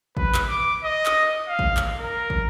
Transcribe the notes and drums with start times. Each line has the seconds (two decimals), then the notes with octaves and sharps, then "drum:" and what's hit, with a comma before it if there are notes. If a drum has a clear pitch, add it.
0.17 B4, drum: kick
0.34 drum: clap
0.49 D6
0.84 D#5
1.06 drum: clap
1.48 F5
1.59 drum: kick
1.77 drum: clap
1.98 A#4
2.30 drum: kick